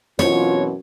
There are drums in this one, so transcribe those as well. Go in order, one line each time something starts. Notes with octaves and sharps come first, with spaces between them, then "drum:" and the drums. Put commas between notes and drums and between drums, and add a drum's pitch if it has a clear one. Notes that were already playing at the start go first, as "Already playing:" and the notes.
F#2 B2 E3 C4 F4 C#5, drum: snare